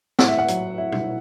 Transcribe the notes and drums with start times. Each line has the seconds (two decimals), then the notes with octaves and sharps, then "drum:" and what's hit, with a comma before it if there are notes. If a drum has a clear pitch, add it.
0.19 A2 F#5, drum: snare
0.28 E5
0.38 F#5
0.48 F#3, drum: hi-hat
0.78 E4
0.92 drum: tom